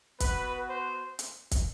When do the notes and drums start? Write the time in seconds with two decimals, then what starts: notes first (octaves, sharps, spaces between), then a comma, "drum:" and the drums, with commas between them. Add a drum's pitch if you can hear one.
0.20 B3 F#4 B4, drum: kick, hi-hat
0.69 C5
1.19 drum: hi-hat
1.51 drum: kick, hi-hat